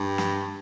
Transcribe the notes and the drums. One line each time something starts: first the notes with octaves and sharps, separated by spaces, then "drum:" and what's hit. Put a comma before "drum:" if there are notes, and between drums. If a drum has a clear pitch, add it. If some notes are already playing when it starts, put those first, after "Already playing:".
Already playing: G2
drum: snare